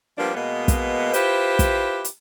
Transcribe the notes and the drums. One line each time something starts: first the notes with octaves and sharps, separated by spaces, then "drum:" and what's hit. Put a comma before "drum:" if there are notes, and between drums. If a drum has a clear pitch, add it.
F3 G3 A#3 B3 D4
B2 G#3 A#3 B3
drum: kick, hi-hat
E4 F4 G4 B4 C5, drum: hi-hat
drum: kick, hi-hat
drum: hi-hat